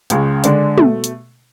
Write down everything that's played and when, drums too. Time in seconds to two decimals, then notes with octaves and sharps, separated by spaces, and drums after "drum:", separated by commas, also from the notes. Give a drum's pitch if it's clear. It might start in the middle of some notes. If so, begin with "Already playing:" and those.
0.10 C#2 C#3 G#3, drum: hi-hat
0.44 D3 G#3 D4, drum: hi-hat
0.78 B2 A3, drum: tom
1.04 drum: hi-hat